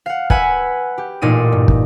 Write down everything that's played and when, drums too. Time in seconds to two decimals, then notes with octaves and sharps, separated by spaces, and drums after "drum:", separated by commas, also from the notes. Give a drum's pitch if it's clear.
0.06 F5 F#5
0.30 B4 E5 F#5 G#5, drum: kick
0.98 G4
1.22 A1 A#2 D#4 D5 D#7
1.52 G2
1.68 drum: kick